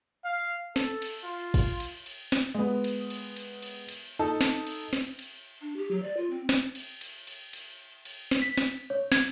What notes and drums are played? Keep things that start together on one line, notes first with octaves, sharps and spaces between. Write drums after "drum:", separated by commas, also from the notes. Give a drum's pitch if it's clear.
F5
A4, drum: snare
drum: cymbal
F4
drum: kick, cymbal
drum: cymbal
drum: cymbal
drum: snare
G#3 B3
drum: cymbal
drum: cymbal
drum: cymbal
drum: cymbal
drum: cymbal
D#4 A4
drum: snare
drum: cymbal
drum: snare
drum: cymbal
D4
G4
F#3
D5
F4
C4
drum: snare
drum: cymbal
drum: cymbal
drum: cymbal
drum: cymbal
drum: cymbal
drum: snare
B6
drum: snare
C#5
G#6, drum: snare